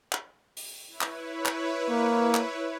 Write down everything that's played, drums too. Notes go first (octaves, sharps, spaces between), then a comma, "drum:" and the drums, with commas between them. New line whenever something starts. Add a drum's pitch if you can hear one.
drum: clap
drum: open hi-hat
E4 B4 C#5
drum: clap
drum: clap
A#3
drum: clap